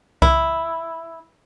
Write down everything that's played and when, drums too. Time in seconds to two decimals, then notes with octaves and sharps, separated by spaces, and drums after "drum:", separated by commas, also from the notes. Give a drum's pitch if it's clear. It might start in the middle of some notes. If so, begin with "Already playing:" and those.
0.22 E4, drum: kick C2